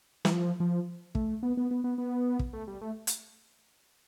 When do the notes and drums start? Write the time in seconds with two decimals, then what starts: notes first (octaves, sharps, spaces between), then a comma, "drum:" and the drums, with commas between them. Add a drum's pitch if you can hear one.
0.25 E3, drum: snare
0.32 F3
0.60 F3
1.15 A3, drum: kick
1.43 B3
1.57 B3
1.71 B3
1.84 B3
1.98 B3
2.39 drum: kick
2.53 A3
2.67 G3
2.81 A3
3.07 drum: hi-hat